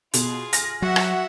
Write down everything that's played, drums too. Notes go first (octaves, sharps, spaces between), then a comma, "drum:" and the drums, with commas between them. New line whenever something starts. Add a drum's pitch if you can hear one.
B2 F4 G#4, drum: hi-hat
G#5 F6 A#6, drum: hi-hat
F#3 F#4 E5 F#5
drum: rim click